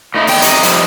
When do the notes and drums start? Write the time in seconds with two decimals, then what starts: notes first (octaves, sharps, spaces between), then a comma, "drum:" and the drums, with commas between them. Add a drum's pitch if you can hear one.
0.14 A2 D#4 E4
0.27 E2 G5, drum: open hi-hat
0.42 C3 D#4, drum: hi-hat
0.63 F2 C3 G3 D#4, drum: hi-hat